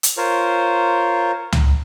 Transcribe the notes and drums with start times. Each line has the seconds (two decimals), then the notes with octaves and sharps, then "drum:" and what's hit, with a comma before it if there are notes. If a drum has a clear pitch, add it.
0.03 drum: hi-hat
0.17 F4 A#4 C5 C#5
1.52 drum: tom